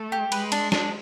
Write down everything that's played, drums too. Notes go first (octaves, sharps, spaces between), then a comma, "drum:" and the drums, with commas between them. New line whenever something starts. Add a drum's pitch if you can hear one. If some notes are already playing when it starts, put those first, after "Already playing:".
Already playing: A3
G4
G#3 B4, drum: cymbal
D4, drum: cymbal
D4, drum: snare